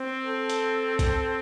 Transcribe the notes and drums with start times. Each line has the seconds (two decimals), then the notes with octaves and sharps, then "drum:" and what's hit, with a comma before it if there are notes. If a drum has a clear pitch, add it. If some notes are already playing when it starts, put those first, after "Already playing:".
Already playing: C4
0.25 A4
0.50 drum: hi-hat
0.99 drum: kick A#1, hi-hat